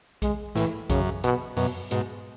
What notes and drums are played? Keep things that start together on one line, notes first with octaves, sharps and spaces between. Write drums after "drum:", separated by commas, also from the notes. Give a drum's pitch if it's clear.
G#3, drum: kick A#1, hi-hat
A2 E3, drum: snare
F#2 C#3, drum: kick A#1, hi-hat
B2, drum: hi-hat
F#2 B2, drum: open hi-hat
G#2 B2, drum: hi-hat